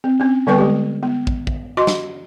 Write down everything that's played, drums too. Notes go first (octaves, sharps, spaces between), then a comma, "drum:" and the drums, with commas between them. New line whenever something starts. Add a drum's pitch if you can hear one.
C4
C4 C#4
D3 G3 B3 B4 G5 C#6
G#3 G4
B3
drum: kick
drum: kick
F#4 D#5 C6 D6
drum: snare